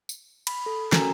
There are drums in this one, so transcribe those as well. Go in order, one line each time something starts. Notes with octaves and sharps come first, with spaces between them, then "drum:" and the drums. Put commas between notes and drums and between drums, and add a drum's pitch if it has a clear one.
drum: tambourine
B5, drum: cymbal
A4
C#4 F#4 A4 A#4 G#5 A#5, drum: snare